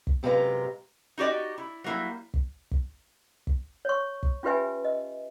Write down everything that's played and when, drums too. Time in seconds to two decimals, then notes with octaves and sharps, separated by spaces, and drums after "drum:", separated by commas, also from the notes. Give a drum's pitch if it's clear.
0.07 drum: kick
0.23 F#2 C3 G#3 F4 B4 A#5
1.18 D#4 F#4 G4 D5 D#5
1.58 E4
1.84 F#3 G3 A#3 E4
2.34 drum: kick
2.71 drum: kick
3.47 drum: kick
3.85 C#5 C#6
4.23 drum: kick
4.43 C#4 F4 G4 B4 E5 G#5
4.85 D#5